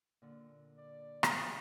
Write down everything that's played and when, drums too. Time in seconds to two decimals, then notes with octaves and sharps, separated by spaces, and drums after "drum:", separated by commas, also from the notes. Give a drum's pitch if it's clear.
0.22 A#2 D3
0.77 D5
1.23 drum: rim click